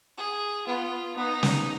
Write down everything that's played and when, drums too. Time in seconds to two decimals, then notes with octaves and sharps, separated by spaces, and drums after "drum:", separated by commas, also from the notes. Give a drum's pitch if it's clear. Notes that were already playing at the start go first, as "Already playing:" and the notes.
0.17 G#4
0.66 B3 F4
1.16 B3 D#4
1.43 drum: snare